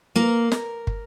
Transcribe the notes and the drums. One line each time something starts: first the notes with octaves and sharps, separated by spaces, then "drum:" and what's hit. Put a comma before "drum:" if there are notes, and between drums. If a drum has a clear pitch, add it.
A#3 A#4
drum: snare
drum: kick